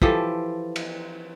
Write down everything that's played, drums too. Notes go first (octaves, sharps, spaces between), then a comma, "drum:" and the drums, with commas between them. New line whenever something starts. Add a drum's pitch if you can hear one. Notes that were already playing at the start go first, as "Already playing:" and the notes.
E3 F3 G4 A4, drum: kick
drum: cymbal